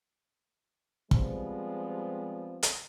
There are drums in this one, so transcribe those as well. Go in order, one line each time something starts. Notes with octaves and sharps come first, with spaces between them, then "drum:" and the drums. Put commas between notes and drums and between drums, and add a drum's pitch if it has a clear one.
F3 G3 G#3 B3 C4, drum: kick
drum: hi-hat